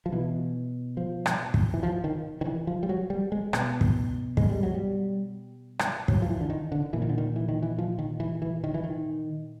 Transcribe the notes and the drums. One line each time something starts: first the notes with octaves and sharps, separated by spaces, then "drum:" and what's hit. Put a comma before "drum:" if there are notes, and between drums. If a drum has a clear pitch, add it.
F3
B2 E3
F3
drum: rim click
drum: kick
E3
F3
D#3
D#3
E3
F3
G3
F#3
G3
G#3
B2, drum: rim click
drum: kick
G#3, drum: kick
G3
F#3
G3
drum: rim click
F#3, drum: kick
F3
E3
D3
D#3
D3
A#2 E3
D#3
D3
D#3
E3
D#3
E3
F3
D#3
E3
E3
D#3
E3
D#3